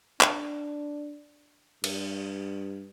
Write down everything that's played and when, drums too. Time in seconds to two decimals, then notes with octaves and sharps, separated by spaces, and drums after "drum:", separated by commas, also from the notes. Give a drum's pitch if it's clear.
0.21 D4, drum: clap
1.84 G2, drum: cymbal